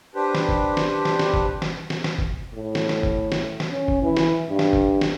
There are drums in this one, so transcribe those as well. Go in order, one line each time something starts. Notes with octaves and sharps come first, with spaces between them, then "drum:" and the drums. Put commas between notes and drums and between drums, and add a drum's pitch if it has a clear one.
D4 G4 B4 C5
drum: snare
drum: kick F#1
drum: snare
drum: snare
drum: snare
drum: kick F#1
drum: snare
drum: snare
drum: snare
drum: kick F#1
A2
drum: snare
drum: snare
drum: kick F#1
drum: snare
drum: snare
C#4
drum: kick F#1
E3
drum: snare
G2
drum: snare
drum: kick F#1
drum: snare